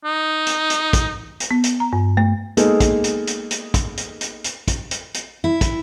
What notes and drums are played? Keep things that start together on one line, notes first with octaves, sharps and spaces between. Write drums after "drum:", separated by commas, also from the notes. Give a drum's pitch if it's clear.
D#4
drum: hi-hat
drum: hi-hat
drum: kick, hi-hat
drum: hi-hat
B3
drum: hi-hat
A#5
G2
A3
G#3 A#3 B3 D#4 G#4 A4, drum: hi-hat
drum: kick, hi-hat
drum: hi-hat
drum: hi-hat
drum: hi-hat
drum: kick, hi-hat
drum: hi-hat
drum: hi-hat
drum: hi-hat
drum: kick, hi-hat
drum: hi-hat
drum: hi-hat
E4
drum: kick, hi-hat